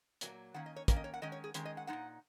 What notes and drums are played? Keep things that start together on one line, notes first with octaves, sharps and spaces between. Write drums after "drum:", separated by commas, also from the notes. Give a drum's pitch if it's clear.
A#2 F#3 A#3, drum: hi-hat
D#3 A#3 C#4 F#5
D#5
C#5
D#3 A#3 C#4 A#4, drum: kick, hi-hat
D#5
C#5
F#5
D#3 G#3 C#4 D#5
C#5
G#4
D#3 G#3 C#4, drum: hi-hat
D#5
F#5
G#3 D#4 F#5
A#2